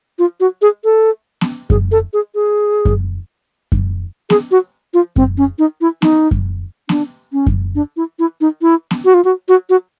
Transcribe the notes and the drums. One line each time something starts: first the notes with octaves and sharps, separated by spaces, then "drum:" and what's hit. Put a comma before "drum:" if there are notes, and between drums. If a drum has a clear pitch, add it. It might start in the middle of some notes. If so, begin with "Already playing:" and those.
F4
F#4
G#4
A4
drum: snare B3
G#4, drum: kick F#2
A4
G#4
G#4
drum: kick F#2
drum: kick F#2
G#4, drum: snare B3
F#4
F4
C4, drum: kick F#2
C#4
D#4
E4
D#4, drum: snare B3
drum: kick F#2
D4, drum: snare B3
C#4
drum: kick F#2
D4
E4
E4
D#4
E4
drum: snare B3
F#4
F4
F#4
F#4
F#4